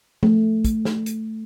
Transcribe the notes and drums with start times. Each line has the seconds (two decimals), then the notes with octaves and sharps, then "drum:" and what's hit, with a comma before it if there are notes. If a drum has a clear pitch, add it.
0.23 A3, drum: tom F3
0.64 drum: kick, hi-hat
0.85 drum: snare
1.06 drum: hi-hat